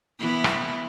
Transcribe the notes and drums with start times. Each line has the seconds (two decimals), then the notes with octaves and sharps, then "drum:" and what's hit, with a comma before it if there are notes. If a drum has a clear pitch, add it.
0.19 E3 B3 E4
0.44 drum: rim click